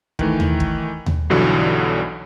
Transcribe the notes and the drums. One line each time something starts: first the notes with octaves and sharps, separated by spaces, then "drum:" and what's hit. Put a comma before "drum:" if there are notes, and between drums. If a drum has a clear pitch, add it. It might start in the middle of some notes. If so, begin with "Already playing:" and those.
D#3 E3 A3, drum: kick
drum: tom D#2
drum: kick
drum: tom D#2
B1 G2 B2 D3 E3 F#3